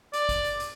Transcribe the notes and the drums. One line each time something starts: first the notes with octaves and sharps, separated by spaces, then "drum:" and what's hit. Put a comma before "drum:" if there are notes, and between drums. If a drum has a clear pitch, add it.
D5, drum: hi-hat
drum: kick, hi-hat
drum: hi-hat
drum: hi-hat